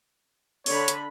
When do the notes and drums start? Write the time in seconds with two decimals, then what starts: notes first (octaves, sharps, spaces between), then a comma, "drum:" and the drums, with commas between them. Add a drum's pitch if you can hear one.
0.66 D3 C#5 B5, drum: open hi-hat
0.88 drum: hi-hat